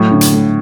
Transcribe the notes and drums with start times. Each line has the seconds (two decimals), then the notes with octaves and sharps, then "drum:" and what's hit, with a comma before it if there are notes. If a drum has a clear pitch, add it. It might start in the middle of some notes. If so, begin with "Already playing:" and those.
Already playing: A2 F#3
0.11 D3
0.21 drum: hi-hat
0.33 A3